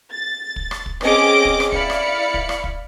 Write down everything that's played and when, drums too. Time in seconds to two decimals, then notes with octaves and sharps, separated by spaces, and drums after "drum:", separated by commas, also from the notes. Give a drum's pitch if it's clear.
0.11 A6
0.56 drum: kick
0.71 drum: rim click
0.86 drum: kick
1.01 C4 C#4 G#4 D#5 D6 D7, drum: rim click
1.45 drum: kick
1.60 drum: rim click
1.72 E4 D5 F5 B5 C#7, drum: kick
1.90 drum: rim click
2.34 drum: kick
2.49 drum: rim click
2.64 drum: kick